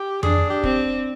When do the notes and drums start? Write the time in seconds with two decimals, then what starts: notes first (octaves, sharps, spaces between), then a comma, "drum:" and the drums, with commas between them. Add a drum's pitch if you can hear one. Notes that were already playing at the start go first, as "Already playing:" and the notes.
Already playing: G4
0.23 D4 G#4, drum: tom F2
0.50 G4
0.64 C4, drum: kick